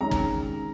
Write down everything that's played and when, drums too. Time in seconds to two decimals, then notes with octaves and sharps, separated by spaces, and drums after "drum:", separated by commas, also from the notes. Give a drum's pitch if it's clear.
0.01 D#3 G#3 C#4 A#5
0.11 drum: kick